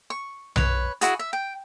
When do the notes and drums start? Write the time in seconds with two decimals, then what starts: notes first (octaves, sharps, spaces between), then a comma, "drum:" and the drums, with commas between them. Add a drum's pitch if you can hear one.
0.10 C#6
0.56 B4 C#5, drum: tom B1
1.01 E4 F#4 G#4, drum: hi-hat
1.19 E5
1.33 G5